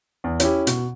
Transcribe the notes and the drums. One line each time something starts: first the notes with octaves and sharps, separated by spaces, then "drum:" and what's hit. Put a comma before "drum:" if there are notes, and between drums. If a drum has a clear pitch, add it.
E2
C#4 E4 G4, drum: hi-hat
B2, drum: hi-hat